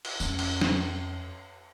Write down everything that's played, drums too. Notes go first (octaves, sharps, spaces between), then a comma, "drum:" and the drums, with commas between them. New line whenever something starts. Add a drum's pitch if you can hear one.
drum: cymbal
F2 C#4, drum: tambourine
drum: cymbal
drum: snare